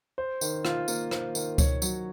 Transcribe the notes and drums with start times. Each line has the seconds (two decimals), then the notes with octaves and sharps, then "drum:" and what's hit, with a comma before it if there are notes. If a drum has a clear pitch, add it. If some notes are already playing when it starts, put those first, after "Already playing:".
0.18 C5
0.41 D#3, drum: tambourine
0.65 F4, drum: rim click
0.88 A#3, drum: tambourine
1.11 C5, drum: rim click
1.35 D#3, drum: tambourine
1.58 C#5, drum: kick C#2, tambourine
1.82 F#3, drum: tambourine